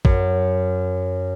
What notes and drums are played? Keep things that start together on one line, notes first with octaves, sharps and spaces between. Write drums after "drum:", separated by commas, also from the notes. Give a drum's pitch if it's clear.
F#2, drum: kick A1